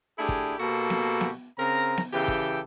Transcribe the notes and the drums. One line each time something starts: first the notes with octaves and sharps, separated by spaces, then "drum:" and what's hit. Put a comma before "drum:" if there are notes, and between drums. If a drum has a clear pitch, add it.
A3 D4 E4 G4 G#4
drum: kick
B2 A#3 F#4 G4 A4
drum: snare B3
drum: snare B3
C#3 C4 A#4 A#5
drum: snare B3
C#3 E3 G4 A4 G5
drum: kick